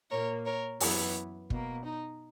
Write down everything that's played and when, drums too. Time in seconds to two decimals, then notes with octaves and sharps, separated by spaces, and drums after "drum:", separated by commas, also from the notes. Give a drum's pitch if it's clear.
0.10 A#2 A#3 A#4 C#5
0.45 A#4 C#5
0.80 F#2 E3 B3, drum: open hi-hat
1.50 B2 A#3, drum: kick
1.86 D#4